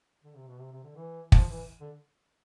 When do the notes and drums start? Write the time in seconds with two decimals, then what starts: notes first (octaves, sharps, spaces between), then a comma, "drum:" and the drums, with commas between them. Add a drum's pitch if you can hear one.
0.24 D3
0.35 C3
0.48 B2
0.59 C3
0.72 C3
0.84 D3
0.96 E3
1.32 F3, drum: kick
1.50 E3
1.81 D3